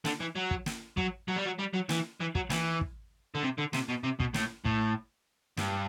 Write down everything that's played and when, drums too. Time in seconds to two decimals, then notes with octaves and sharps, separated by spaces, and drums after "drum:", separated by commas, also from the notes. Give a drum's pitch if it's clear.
0.05 D3, drum: snare
0.20 E3
0.35 F#3
0.51 drum: kick
0.66 drum: snare
0.97 F#3, drum: kick
1.28 F#3
1.36 G3
1.45 F#3
1.59 G3
1.73 F#3
1.89 E3, drum: snare
2.20 E3
2.35 F#3, drum: kick
2.50 E3, drum: snare
2.81 drum: kick
3.35 D3
3.42 C3
3.58 D3
3.73 C3, drum: snare
3.89 B2
4.03 C3
4.20 B2, drum: kick
4.34 A2, drum: snare
4.65 A2, drum: kick
5.57 G2, drum: snare